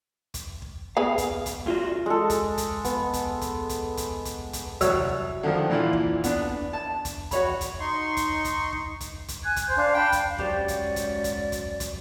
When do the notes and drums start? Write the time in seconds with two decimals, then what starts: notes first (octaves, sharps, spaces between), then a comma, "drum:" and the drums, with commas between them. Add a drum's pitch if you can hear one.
0.34 drum: kick, hi-hat
0.62 drum: kick
0.97 B3 G#4 F5
1.18 drum: kick, hi-hat
1.46 drum: kick, hi-hat
1.66 B1 F4 F#4
2.06 G#3 A4
2.30 drum: kick, hi-hat
2.58 drum: kick, hi-hat
2.84 B3, drum: kick, hi-hat
3.13 drum: kick, hi-hat
3.41 drum: kick, hi-hat
3.69 drum: kick, hi-hat
3.97 drum: kick, hi-hat
4.25 drum: kick, hi-hat
4.53 drum: kick, hi-hat
4.81 C2 F#3 C#5 E6, drum: kick, hi-hat
5.09 drum: kick
5.43 D3 D#3 F3
5.70 A#2 E3 E4 F4
5.93 drum: kick
6.24 B3 D4, drum: kick, hi-hat
6.49 drum: kick
6.73 A5
7.05 drum: kick, hi-hat
7.31 F#4 C#5 B5, drum: kick, hi-hat
7.61 drum: kick, hi-hat
7.80 D#4 C6 C#6
8.17 drum: kick, hi-hat
8.45 drum: kick, hi-hat
8.73 drum: kick
9.00 drum: kick, hi-hat
9.28 drum: kick, hi-hat
9.42 G#5 F#6 G#6
9.56 drum: kick, hi-hat
9.66 C5 G6
9.77 D4 F5
9.94 F5 G5 A5 B5
10.12 drum: kick, hi-hat
10.38 G#2 F#3 C#4 F#4 G4 C5 D5, drum: kick
10.68 drum: kick, hi-hat
10.96 drum: kick, hi-hat
11.24 drum: kick, hi-hat
11.52 drum: kick, hi-hat
11.80 drum: kick, hi-hat